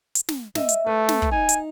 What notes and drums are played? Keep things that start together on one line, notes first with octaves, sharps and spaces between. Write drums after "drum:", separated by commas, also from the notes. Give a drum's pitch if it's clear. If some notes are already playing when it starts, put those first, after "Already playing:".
drum: hi-hat
drum: snare
D#5 E5, drum: snare
drum: hi-hat
A3 B4
drum: snare
drum: kick
D#4 G#5
drum: hi-hat